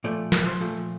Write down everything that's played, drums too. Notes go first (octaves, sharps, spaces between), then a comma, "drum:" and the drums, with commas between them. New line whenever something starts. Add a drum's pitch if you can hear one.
A#2 F3 A3 D5
A#4, drum: snare
C5
A#2 F3 A3